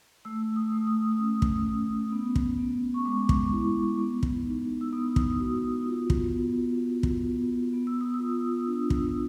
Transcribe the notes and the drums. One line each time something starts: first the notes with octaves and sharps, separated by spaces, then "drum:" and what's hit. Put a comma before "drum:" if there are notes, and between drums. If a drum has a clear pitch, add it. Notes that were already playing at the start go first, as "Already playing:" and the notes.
A3 E6
D#6
A3
D#6
C#4
drum: kick
C#4
B3
drum: kick
B3
C#6
G#3 D6
drum: kick
E4
B3
drum: kick
D#4
E6
B3 D#6
drum: kick
F#4
F4
drum: kick
B3
B3
drum: kick
B3
B3
E6
D#6
E6
F4
D4
drum: kick